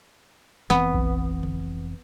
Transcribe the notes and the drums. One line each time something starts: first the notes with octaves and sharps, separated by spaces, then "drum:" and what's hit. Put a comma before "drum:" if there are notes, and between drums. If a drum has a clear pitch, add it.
F1 E3 B3 C4, drum: snare
drum: kick A#1
drum: tom C#3